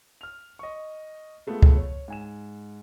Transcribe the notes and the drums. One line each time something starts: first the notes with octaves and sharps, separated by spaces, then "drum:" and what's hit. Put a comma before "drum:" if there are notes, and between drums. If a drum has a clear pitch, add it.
F6 F7
D#5 C#6
G#3 A3 B3 F4 G#4
drum: kick C#2
C#5
G#2 G#5 E7